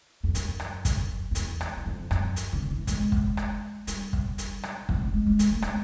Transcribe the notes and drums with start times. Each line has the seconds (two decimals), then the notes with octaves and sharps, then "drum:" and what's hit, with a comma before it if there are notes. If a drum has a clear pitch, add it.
0.24 F2
0.35 F#2, drum: hi-hat
0.60 drum: rim click
0.85 drum: kick, hi-hat
1.31 F2
1.35 E2, drum: hi-hat
1.61 drum: rim click
1.77 F#2
1.86 F2
2.11 F#2, drum: rim click
2.36 drum: hi-hat
2.53 D3
2.70 E3
2.87 G#3, drum: kick, hi-hat
3.12 drum: kick
3.37 drum: rim click
3.87 G3, drum: hi-hat
4.13 drum: kick
4.38 drum: hi-hat
4.63 drum: rim click
4.89 F#3, drum: kick
5.02 G#3
5.13 G#3
5.26 G#3
5.39 drum: hi-hat
5.51 A3
5.62 G#3, drum: rim click